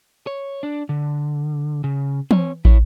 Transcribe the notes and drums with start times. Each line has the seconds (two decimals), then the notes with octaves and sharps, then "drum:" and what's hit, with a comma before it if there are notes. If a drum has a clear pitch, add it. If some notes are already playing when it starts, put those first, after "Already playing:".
0.27 C#5
0.63 D4
0.89 D3
1.84 C#3
2.31 C4 C#5, drum: tom E3
2.65 E4 C#5, drum: kick